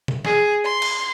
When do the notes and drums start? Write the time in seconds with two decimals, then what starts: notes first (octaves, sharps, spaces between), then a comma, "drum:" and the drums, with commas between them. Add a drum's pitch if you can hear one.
0.08 drum: tom B2
0.25 G#4, drum: snare
0.65 C6
0.82 drum: cymbal